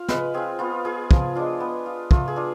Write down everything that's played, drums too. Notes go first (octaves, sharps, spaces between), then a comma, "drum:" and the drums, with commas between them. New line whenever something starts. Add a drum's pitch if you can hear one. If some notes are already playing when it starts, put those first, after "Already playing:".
Already playing: F4 F5
G#3 B4, drum: snare
C4 F4 G#4
B3 F4
F4 G#4
F3, drum: kick
G#3 D4 F4
B3
F4
A3 F4, drum: kick
G#4
D4 F4